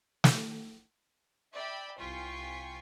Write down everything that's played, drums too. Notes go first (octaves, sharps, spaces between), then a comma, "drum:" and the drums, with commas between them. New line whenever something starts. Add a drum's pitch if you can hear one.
drum: snare
D5 E5 G5 B5
C2 F4 G5 G#5 C#6 B6